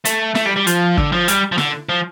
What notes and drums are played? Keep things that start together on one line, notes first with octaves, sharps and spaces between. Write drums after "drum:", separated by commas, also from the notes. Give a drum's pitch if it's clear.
A3, drum: hi-hat
A3, drum: snare
G3
G3
F3, drum: hi-hat
D3, drum: kick
F3
G3, drum: hi-hat
F3
D3, drum: snare
F3